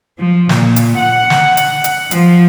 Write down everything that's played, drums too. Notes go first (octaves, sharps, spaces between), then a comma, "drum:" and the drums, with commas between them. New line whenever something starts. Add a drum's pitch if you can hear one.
F3
A#2, drum: snare
drum: hi-hat
F#5
drum: snare
drum: hi-hat
drum: hi-hat
F3, drum: hi-hat